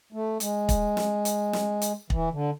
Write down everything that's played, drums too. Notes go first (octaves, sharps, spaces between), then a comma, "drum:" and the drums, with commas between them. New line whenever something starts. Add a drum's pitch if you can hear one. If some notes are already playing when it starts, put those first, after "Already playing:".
A3
G#3, drum: hi-hat
drum: kick, hi-hat
drum: snare
drum: hi-hat
drum: snare
drum: hi-hat
E3, drum: kick
D3